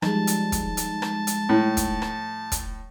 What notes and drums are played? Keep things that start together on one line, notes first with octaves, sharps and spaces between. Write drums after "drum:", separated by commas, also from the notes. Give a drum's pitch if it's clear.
F3 G3 G#3 D#4 A5, drum: rim click
drum: hi-hat
drum: kick, hi-hat
drum: hi-hat
drum: rim click
drum: hi-hat
A2
drum: kick, hi-hat
drum: rim click
drum: kick, hi-hat